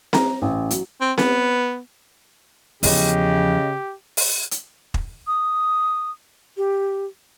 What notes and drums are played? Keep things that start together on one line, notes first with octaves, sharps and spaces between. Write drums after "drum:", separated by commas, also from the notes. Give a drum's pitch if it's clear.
A#5, drum: snare C4
A1
F#3, drum: hi-hat
C4
B3, drum: snare C4
E2 C#3 F3 G4 D#5, drum: open hi-hat
drum: open hi-hat
drum: hi-hat
drum: kick
D#6
G4